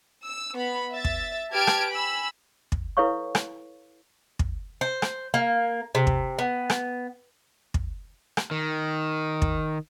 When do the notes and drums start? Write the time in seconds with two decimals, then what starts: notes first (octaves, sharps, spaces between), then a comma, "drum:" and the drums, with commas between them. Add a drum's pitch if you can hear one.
0.23 E6
0.54 B3 B5
0.92 E5 A6
1.04 drum: kick
1.51 G4 B4 A5 F6 G#6 D7
1.67 drum: rim click
1.90 G#5 B5 E6
2.72 drum: kick
2.97 E4 A4 B4 C#5 F5 C#6
3.35 drum: rim click
4.39 drum: kick
4.81 C5
5.02 drum: rim click
5.34 A#3
5.95 C3
6.07 drum: kick
6.39 B3
6.70 drum: rim click
7.74 drum: kick
8.37 drum: rim click
8.51 D#3
9.42 drum: kick